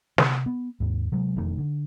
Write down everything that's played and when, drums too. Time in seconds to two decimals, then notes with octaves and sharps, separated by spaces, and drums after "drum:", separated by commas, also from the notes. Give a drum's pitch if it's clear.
0.18 C3, drum: snare
0.46 B3
0.80 D#2 G#2
1.12 C3 F#3 G#3
1.36 E1 F2 D#3 A3
1.58 D3